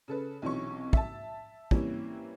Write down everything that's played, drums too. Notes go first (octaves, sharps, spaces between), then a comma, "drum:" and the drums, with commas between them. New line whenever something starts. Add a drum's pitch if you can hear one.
C#3 A4 B4
B1 C3 E3 C#4 C#6
E5 A5, drum: kick
E3 G3 A#3 C4 C#4 E4, drum: kick